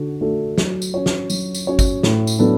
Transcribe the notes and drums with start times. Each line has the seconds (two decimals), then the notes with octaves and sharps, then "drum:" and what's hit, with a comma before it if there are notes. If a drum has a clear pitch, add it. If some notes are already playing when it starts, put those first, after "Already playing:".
Already playing: D3 F#4 A4
0.21 A3 D4 F#4 A4
0.58 F#3, drum: snare
0.82 drum: tambourine
0.94 C#4 F#4 C#5
1.06 drum: snare
1.30 F#3, drum: tambourine
1.54 drum: tambourine
1.67 C#4 F#4 C#5
1.79 drum: kick G1, tambourine
2.03 A2, drum: snare
2.27 drum: tambourine
2.39 F#3 B3 D4 A4